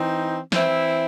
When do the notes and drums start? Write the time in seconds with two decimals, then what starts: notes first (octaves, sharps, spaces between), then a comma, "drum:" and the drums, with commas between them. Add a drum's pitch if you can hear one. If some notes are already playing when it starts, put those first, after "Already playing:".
Already playing: E3 C4 D#4
0.52 E3 C4 E4, drum: snare